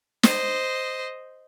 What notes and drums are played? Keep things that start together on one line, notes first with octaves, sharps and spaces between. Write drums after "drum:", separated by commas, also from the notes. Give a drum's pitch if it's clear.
C5 D#5, drum: snare